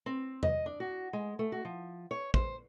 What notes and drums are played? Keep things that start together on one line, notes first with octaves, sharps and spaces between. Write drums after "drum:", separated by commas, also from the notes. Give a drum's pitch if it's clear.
C4
D#5, drum: tom E2
D4
F#4
G#3
A3
F#4
F3
C#5
C5, drum: kick